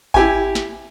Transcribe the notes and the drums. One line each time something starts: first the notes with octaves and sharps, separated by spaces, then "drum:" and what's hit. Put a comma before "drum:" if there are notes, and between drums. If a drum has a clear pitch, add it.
E4 G4 G#5, drum: kick G#1
drum: snare